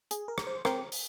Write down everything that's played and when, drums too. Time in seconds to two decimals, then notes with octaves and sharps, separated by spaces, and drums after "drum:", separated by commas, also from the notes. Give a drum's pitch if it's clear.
0.11 G#4, drum: hi-hat
0.28 A#4
0.38 drum: rim click
0.47 C5
0.65 C4 A#4, drum: rim click
0.92 drum: open hi-hat